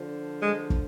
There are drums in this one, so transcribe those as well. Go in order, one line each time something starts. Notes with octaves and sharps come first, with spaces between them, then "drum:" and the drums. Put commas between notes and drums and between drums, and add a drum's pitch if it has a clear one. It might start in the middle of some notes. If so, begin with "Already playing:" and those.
Already playing: D3 F3
G#3
drum: kick